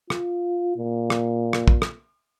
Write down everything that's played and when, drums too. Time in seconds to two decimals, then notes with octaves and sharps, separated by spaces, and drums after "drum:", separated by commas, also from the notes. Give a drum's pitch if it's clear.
0.10 F4, drum: rim click
0.77 A#2
1.10 drum: rim click
1.53 drum: rim click
1.68 drum: kick
1.82 drum: rim click